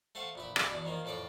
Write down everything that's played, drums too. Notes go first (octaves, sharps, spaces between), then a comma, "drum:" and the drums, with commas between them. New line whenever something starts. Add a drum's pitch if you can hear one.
A3 C5 F5 F#5
A#1 E4 B4
E4 G4 B4 D5 G5 G#5, drum: rim click
E2 B2 D4
D#3 F3 A#3
F2 A2 A4 D5 G5